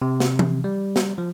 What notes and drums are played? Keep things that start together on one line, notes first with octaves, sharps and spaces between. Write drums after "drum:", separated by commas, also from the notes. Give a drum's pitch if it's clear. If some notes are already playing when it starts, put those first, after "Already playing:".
C3
drum: snare
drum: tom E3
G3
drum: snare
F3